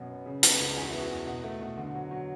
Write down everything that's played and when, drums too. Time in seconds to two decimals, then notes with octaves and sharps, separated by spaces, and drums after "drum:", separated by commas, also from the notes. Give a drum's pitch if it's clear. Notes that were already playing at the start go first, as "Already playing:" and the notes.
Already playing: F#2 B2 F#3
0.09 B3
0.26 C#3
0.43 B3, drum: hi-hat
0.60 C#2
0.77 E2 G#4
0.83 F#4
0.90 E4
0.93 B3 F#4
1.10 E2
1.27 B2
1.44 A3
1.61 B2
1.77 D3
1.95 F#3
2.11 F#3